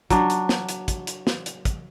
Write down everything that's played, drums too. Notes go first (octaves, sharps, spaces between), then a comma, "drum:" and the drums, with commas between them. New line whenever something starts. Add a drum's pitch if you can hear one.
F#3 D4, drum: kick, hi-hat
drum: hi-hat
drum: snare
drum: hi-hat
drum: kick, hi-hat
drum: hi-hat
drum: snare
drum: hi-hat
drum: kick, hi-hat